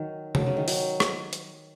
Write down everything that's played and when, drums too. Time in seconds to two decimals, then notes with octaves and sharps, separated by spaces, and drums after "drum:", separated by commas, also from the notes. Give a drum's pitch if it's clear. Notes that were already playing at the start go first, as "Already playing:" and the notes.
Already playing: D#3 F#3
0.35 F#3, drum: tom C3
0.46 C#3
0.57 D#3
0.68 F#3, drum: open hi-hat
1.00 drum: rim click
1.33 drum: hi-hat